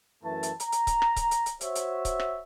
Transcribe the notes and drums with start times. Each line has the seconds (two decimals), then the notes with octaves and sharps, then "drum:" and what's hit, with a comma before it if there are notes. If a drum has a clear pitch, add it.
0.24 F#2 E3 A3 A5
0.43 drum: hi-hat
0.60 A#5, drum: hi-hat
0.72 drum: hi-hat
0.87 drum: kick C#1, hi-hat
1.02 drum: rim click
1.16 drum: kick C#1, hi-hat
1.31 drum: hi-hat
1.46 drum: hi-hat
1.61 F#4 C5 C#5 E5, drum: hi-hat
1.75 drum: hi-hat
2.05 drum: kick C#1, hi-hat
2.20 drum: rim click